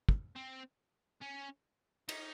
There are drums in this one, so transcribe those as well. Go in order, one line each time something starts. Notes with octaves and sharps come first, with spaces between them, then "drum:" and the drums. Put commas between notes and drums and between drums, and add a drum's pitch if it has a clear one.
drum: kick
C4
C#4
D#4, drum: cymbal